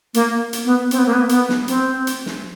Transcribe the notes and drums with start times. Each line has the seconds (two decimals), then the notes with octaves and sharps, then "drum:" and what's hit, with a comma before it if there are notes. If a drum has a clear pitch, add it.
0.14 A#3, drum: hi-hat
0.53 drum: hi-hat
0.65 B3
0.91 C4, drum: hi-hat
0.99 B3
1.06 A#3
1.13 B3
1.29 B3, drum: hi-hat
1.49 drum: snare
1.68 C4, drum: hi-hat
2.07 drum: hi-hat
2.26 drum: snare